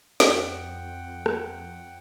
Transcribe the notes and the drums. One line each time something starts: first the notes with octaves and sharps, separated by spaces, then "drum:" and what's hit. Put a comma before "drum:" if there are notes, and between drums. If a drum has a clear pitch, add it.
F2 F#5 G5, drum: snare
drum: rim click